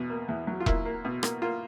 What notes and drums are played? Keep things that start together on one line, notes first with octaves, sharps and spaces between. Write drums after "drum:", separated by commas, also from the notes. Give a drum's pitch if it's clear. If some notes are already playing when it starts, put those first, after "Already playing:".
Already playing: E2 B2
A#3
E2
F#3
F4
A#3 E4, drum: kick E1
A#3
B2
A#3, drum: rim click
A#3 F4